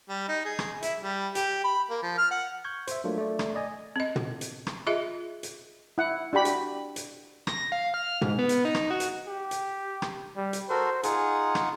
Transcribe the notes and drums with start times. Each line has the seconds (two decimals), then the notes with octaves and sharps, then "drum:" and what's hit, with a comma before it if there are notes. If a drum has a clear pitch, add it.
0.09 G3
0.28 D#4
0.45 G#4
0.59 drum: rim click
0.83 E4, drum: hi-hat
0.99 G3
1.35 G4, drum: hi-hat
1.64 B5
1.90 A#3
2.03 F3
2.18 F6
2.31 F#5
2.65 C#6 G6 G#6
2.87 C5 E5, drum: hi-hat
3.04 F#3 A3 A#3 D4 F4
3.18 A3 D5
3.39 drum: rim click
3.55 D5 D#5 G#5
3.96 C4 D#5
4.16 drum: tom
4.41 drum: hi-hat
4.67 drum: rim click
4.87 F4 G#4 D#5 E5
5.43 drum: hi-hat
5.98 E4 F#5
6.33 D4 F#4 G4 B5
6.45 drum: hi-hat
6.96 drum: hi-hat
7.47 A#6, drum: rim click
7.72 F5
7.94 F6
8.22 G#2, drum: tom
8.39 B3
8.49 drum: hi-hat
8.65 D#4
8.75 drum: rim click
8.90 F#4
9.00 drum: hi-hat
9.27 G4
9.51 drum: hi-hat
10.02 drum: rim click
10.37 G3
10.53 drum: hi-hat
10.69 F#4 A4 A#4 C5
11.03 D#4 F4 G#4 F#5, drum: hi-hat
11.55 drum: rim click